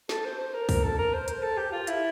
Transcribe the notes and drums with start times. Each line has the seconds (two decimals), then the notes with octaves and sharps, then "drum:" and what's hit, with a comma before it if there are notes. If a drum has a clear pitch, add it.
0.09 A4, drum: snare
0.25 C5
0.39 C5
0.54 A#4
0.69 A#4, drum: kick, open hi-hat
0.83 A4
0.98 A#4
1.13 C5
1.28 C5, drum: hi-hat
1.42 A4
1.57 G4
1.72 F4
1.87 E4, drum: hi-hat